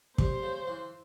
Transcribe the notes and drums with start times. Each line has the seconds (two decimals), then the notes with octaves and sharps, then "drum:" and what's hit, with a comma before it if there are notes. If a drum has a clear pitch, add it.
0.18 G3 C5, drum: kick
0.43 C#3
0.67 E3